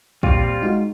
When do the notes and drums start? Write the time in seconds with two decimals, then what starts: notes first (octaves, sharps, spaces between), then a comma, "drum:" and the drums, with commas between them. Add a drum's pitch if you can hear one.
0.23 A#2 G3 C4 F4 A6, drum: kick
0.62 G#3 D#4 F#4